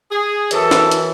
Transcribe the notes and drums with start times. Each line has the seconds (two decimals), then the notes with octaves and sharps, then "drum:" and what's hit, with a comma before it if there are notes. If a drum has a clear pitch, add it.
0.11 G#4
0.51 F#2 E3 A4, drum: hi-hat
0.71 drum: snare
0.91 drum: hi-hat